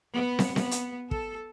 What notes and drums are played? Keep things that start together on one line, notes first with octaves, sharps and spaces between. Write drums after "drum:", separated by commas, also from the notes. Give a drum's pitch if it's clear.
B3
drum: snare
B3, drum: snare
drum: hi-hat
A4, drum: kick